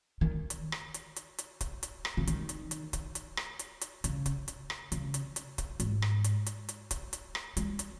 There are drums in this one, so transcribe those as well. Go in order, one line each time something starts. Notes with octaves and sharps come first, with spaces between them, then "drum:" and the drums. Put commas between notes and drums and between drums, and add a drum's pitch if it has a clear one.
D#3
drum: hi-hat
drum: rim click
drum: hi-hat
drum: hi-hat
drum: hi-hat
drum: kick D1, hi-hat
drum: hi-hat
drum: rim click
C#3
D#3, drum: hi-hat
drum: hi-hat
drum: hi-hat
drum: kick D1, hi-hat
drum: hi-hat
drum: rim click
drum: hi-hat
drum: hi-hat
C#3, drum: hi-hat
drum: kick D1, hi-hat
drum: hi-hat
drum: rim click
C#3, drum: hi-hat
drum: hi-hat
drum: hi-hat
drum: kick D1, hi-hat
G#2, drum: hi-hat
drum: rim click
drum: hi-hat
drum: hi-hat
drum: hi-hat
drum: kick D1, hi-hat
drum: hi-hat
drum: rim click
G#3, drum: hi-hat
drum: hi-hat